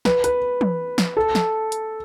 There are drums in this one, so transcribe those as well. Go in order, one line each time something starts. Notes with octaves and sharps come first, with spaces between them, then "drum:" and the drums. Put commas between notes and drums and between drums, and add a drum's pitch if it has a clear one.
B4, drum: snare
B4, drum: hi-hat
drum: tom
drum: snare
A4
drum: snare
drum: hi-hat